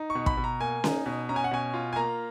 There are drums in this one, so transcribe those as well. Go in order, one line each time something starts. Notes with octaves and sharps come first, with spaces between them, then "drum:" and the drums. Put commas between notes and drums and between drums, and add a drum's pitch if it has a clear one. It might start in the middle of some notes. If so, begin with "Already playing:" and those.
Already playing: D#4
C#6
B2
B5, drum: kick
B2
A#5
A#3 G#5
D#4, drum: snare C#4
B2
C#4 A#5
G#5
F#5
B2 G#5
F4
G#5
A#3 A#5